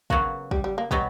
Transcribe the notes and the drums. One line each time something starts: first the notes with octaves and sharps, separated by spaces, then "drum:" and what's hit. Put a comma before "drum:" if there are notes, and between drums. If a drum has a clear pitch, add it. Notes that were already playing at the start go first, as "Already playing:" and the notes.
C#3 F#3 A#3 B3 F#4, drum: kick
G3, drum: kick
G3
A#3
B2 F#3 G3 B3, drum: kick